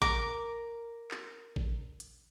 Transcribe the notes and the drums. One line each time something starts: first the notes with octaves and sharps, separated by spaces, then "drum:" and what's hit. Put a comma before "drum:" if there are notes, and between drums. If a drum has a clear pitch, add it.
A#4 D6, drum: kick A1
drum: clap
drum: kick A1
drum: hi-hat